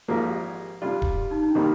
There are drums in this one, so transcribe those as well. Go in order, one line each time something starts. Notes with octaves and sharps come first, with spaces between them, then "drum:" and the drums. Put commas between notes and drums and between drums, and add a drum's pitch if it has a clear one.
G#1 G#2 F3 A#3 G4
F4
G4
D#5
D5
C3 G3 D4 F4 D5
drum: kick D#1
G4
D#4
D#4
D4
C3 D#3 G3 A#3 D#4